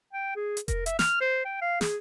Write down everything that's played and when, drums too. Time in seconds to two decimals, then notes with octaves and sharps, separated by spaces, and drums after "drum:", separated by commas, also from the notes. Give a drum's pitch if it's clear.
0.13 G5
0.36 G#4
0.57 drum: hi-hat
0.68 A#4, drum: kick F1, hi-hat
0.86 E5, drum: hi-hat
0.99 F6, drum: snare
1.21 C5
1.45 G5
1.62 F5
1.81 G#4, drum: snare